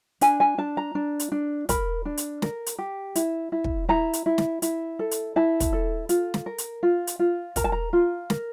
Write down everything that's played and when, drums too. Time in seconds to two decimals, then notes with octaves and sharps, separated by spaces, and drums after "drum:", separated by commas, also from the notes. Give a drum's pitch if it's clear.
0.21 D4 G#5, drum: hi-hat
0.40 G#5
0.58 D4 A5
0.77 A#5
0.95 D4
1.20 drum: hi-hat
1.32 D4
1.69 A#4 B5, drum: kick, hi-hat
2.05 D4
2.17 drum: hi-hat
2.42 A#4, drum: snare
2.66 drum: hi-hat
2.79 G4
3.15 E4, drum: hi-hat
3.52 E4
3.64 drum: kick
3.89 E4 A#5
4.13 drum: hi-hat
4.26 E4
4.38 drum: snare
4.62 E4, drum: hi-hat
4.99 A4
5.11 drum: hi-hat
5.36 E4 A5
5.60 drum: kick, hi-hat
5.73 A4
6.09 F4, drum: hi-hat
6.34 drum: snare
6.46 A#4
6.58 drum: hi-hat
6.83 F4
7.07 drum: hi-hat
7.19 F4
7.56 A#4 A#5, drum: kick, hi-hat
7.64 A5
7.72 A#5
7.93 F4
8.30 A#4, drum: snare